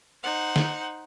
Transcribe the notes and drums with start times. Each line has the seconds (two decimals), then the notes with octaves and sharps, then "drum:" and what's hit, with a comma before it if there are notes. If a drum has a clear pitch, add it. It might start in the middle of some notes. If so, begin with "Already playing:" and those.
0.23 D#4 C5 F#5
0.56 drum: snare